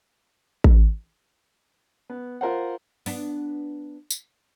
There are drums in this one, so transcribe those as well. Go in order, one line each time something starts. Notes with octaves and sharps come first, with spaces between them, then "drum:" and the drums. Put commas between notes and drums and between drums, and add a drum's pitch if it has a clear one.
drum: kick A1
B3
F4 A#4 C5 F#5
B3 D4, drum: open hi-hat
drum: tambourine